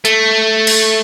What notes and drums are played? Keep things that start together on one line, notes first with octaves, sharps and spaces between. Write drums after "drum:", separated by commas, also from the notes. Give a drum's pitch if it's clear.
A3, drum: hi-hat
drum: cymbal